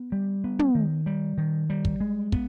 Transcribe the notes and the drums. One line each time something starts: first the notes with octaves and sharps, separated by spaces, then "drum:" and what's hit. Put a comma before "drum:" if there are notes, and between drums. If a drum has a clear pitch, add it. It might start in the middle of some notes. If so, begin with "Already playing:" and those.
Already playing: B3
G3
B3
drum: tom
D#3
G3
D#3
G3
drum: kick
G#3
B3, drum: kick